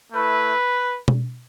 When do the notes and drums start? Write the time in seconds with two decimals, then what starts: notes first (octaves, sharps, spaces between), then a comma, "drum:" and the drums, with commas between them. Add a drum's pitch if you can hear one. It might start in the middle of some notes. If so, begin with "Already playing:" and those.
0.12 A3 E4 B4
1.08 drum: tom B2